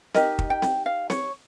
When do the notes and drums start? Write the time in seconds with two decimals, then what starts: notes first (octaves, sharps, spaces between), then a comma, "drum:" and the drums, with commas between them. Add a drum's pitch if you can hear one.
0.15 D#4 G4 A#4 D#5, drum: snare C4
0.39 drum: kick
0.50 G5
0.62 drum: snare C4
0.86 F5
1.10 C#5, drum: snare C4